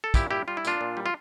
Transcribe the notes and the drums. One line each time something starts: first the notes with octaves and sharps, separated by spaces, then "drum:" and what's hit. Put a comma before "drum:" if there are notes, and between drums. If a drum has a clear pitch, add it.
A4
A#2 E4 G4, drum: kick, tambourine
G3 E4 G4
G3 F4
E4
A#2 D4 F4, drum: tambourine
A#2
G3
F4